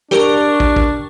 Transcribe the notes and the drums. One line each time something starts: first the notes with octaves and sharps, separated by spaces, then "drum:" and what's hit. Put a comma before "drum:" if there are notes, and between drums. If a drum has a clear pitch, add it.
D4 G4 A#4 C#6, drum: snare
drum: kick
drum: kick